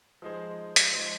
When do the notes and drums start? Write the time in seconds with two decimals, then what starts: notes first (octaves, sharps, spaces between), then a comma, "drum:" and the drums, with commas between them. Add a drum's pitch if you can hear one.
0.22 F3 G#3 D#4 G#4 C5
0.76 drum: hi-hat
0.92 F3 G#3 D#4 G#4 C5